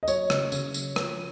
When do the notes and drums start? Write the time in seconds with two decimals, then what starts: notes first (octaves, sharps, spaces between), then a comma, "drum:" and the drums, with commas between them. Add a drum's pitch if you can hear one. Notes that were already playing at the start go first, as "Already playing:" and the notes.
0.03 D#5
0.08 F#3 C#5, drum: tambourine
0.30 C#3, drum: rim click
0.52 C#3, drum: tambourine
0.74 F#3, drum: tambourine
0.96 F3, drum: rim click